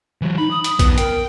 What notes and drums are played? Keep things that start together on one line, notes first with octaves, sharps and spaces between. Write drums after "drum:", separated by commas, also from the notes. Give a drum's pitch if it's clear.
E3 F#3
D#4 B5
D#6
D#6, drum: hi-hat
F#2 B3, drum: kick, hi-hat
A#4 G5, drum: hi-hat